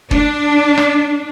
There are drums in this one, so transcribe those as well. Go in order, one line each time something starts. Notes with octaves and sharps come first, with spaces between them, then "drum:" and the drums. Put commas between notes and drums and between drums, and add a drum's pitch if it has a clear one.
D4, drum: kick
drum: rim click